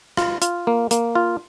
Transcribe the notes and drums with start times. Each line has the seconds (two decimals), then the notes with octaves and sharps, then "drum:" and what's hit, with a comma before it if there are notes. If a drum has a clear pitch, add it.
0.17 F4, drum: rim click
0.42 F4, drum: hi-hat
0.67 A#3
0.91 A#3, drum: hi-hat
1.15 F4